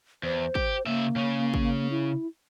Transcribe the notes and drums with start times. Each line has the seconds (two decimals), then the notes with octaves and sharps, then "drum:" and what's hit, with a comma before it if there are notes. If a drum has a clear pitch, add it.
0.23 E2 C5
0.55 G4, drum: kick
0.86 C#3 A#3 E5
1.16 C#3 C#4
1.54 drum: kick
1.91 E4